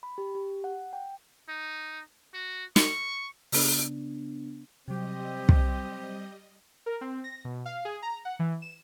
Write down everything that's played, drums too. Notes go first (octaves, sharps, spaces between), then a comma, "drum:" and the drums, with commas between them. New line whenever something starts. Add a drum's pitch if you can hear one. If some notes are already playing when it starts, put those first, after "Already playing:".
B5
G4
G4
F#5
G5
D#4
F#4
C#6, drum: snare
C#3 B3 D4, drum: open hi-hat
C3 F#3 G3 C4 G4 D#5
drum: kick
A#4
C4
A#6
B2
F5
G#4
A#5
F#5
E3
E7